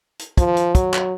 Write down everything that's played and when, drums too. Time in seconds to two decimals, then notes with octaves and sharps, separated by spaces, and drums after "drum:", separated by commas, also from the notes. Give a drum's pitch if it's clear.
0.19 drum: hi-hat
0.37 F3, drum: kick, hi-hat
0.57 drum: hi-hat
0.75 F#3, drum: kick, hi-hat
0.94 drum: clap